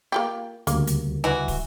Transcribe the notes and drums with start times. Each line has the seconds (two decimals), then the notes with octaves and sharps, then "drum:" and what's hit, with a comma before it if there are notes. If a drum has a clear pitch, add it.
0.12 A#3 F4 G4
0.67 D2 C#3 G3 A#3, drum: hi-hat
0.87 drum: hi-hat
1.24 E3 F#4
1.48 drum: kick, open hi-hat